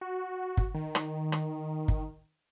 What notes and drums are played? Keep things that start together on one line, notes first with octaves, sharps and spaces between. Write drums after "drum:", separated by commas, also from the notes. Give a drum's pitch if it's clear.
F#4
drum: kick
D#3
drum: rim click
drum: rim click
drum: kick